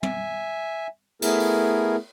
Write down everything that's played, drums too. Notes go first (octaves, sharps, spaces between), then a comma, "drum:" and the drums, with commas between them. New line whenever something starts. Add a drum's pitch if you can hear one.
E5 G#5, drum: tom
A3 B3 E4 G#4 A#4, drum: cymbal
drum: open hi-hat